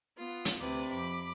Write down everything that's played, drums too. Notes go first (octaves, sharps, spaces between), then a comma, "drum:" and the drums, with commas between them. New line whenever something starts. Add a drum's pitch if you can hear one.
B3 F4
drum: hi-hat
D2 C3 B4 D5
F2 B5 D6